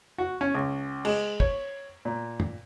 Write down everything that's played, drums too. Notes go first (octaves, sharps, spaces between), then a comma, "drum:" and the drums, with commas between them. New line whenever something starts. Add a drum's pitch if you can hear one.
F#4
C#4
C#2
G#3, drum: cymbal
C#5, drum: kick
A#2
drum: tom